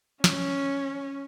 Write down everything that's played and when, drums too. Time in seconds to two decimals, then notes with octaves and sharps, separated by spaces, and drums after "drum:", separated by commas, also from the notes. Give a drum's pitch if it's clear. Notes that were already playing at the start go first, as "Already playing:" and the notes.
0.24 C#4, drum: snare